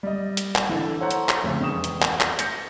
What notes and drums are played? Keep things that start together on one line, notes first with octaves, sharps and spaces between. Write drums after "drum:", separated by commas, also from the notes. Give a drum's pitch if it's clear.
G3 D#5
drum: hi-hat
drum: clap
E3 D4 A4
A4 C5 C#5 F#5 A#5
drum: hi-hat
drum: clap
F1 C#3
E1 G5 C#6 D#6 E7
drum: hi-hat
drum: clap
drum: clap
G6 A#6 C#7, drum: hi-hat